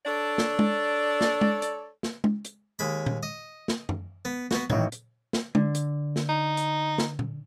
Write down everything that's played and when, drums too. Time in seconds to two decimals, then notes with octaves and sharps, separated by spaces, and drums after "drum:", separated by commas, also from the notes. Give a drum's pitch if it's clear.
0.06 D4 A4 C#5 D5
0.38 drum: snare
0.59 drum: tom G#3
1.21 drum: snare
1.41 drum: tom G#3
1.62 drum: hi-hat
2.03 drum: snare
2.24 drum: tom G#3
2.45 drum: hi-hat
2.79 D#2 G#3 B5
3.06 drum: tom A#2
3.23 D#5
3.68 drum: snare
3.89 drum: tom F#2
4.25 B3
4.51 B3 F#4, drum: snare
4.70 A1 D#3 F#3, drum: tom A#2
4.92 drum: hi-hat
5.33 drum: snare
5.55 D3, drum: tom G#3
5.75 drum: hi-hat
6.16 drum: snare
6.29 D#4
6.57 drum: hi-hat
6.98 drum: snare
7.19 drum: tom A#2